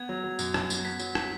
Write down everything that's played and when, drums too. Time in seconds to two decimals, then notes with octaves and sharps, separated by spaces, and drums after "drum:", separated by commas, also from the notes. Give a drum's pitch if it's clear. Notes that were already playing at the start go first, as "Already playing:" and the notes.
Already playing: B3 G#6
0.09 F#3
0.24 F#3
0.39 F#2, drum: tambourine
0.54 F#2, drum: rim click
0.70 B3, drum: tambourine
0.85 B3 B6
0.99 F#3, drum: tambourine
1.15 drum: rim click